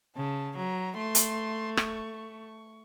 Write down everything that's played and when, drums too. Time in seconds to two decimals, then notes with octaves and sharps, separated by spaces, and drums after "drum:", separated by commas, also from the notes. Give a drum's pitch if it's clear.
0.16 C#3 A5
0.56 F#3 A#5
0.96 A3 C6
1.15 drum: hi-hat
1.77 C#6, drum: rim click
2.18 C#6